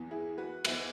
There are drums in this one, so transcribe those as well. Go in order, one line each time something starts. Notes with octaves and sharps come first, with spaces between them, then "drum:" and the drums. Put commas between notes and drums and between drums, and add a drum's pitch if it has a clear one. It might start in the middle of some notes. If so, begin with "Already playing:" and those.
Already playing: E2 E3 B3
E4 G#4
F#4 B4
E2 E3 B3 B4 E5, drum: cymbal